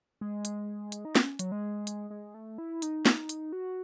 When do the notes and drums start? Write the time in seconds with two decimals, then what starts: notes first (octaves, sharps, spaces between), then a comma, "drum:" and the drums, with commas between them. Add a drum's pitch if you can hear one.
0.21 G#3
0.45 drum: hi-hat
0.92 drum: hi-hat
1.05 D#4
1.16 C#4, drum: snare
1.39 F#3, drum: hi-hat
1.52 G#3
1.87 drum: hi-hat
2.10 G#3
2.34 A3
2.58 E4
2.82 D#4, drum: hi-hat
3.06 drum: snare
3.29 drum: hi-hat
3.53 F#4